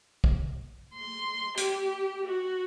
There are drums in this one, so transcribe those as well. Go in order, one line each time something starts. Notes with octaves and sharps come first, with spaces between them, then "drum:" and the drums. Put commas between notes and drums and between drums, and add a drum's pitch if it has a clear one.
drum: kick
C6
G4, drum: hi-hat
F#4